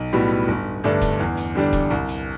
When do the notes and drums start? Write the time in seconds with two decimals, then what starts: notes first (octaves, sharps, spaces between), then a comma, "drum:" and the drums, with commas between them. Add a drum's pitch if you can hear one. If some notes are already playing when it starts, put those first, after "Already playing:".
Already playing: B1
0.13 A2 G3 B3 F#4
0.48 G1
0.84 G2 D3 A3 D4
1.01 drum: kick E1, hi-hat
1.19 E2
1.37 drum: hi-hat
1.55 D3 G3 D4
1.73 drum: kick E1, hi-hat
1.90 C2
2.08 drum: hi-hat